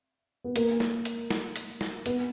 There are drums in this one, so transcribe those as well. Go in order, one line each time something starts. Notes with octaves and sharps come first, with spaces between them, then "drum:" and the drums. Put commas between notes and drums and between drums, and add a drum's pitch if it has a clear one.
B3
A#3, drum: hi-hat
drum: snare
drum: hi-hat
drum: snare
drum: hi-hat
drum: snare
B3, drum: hi-hat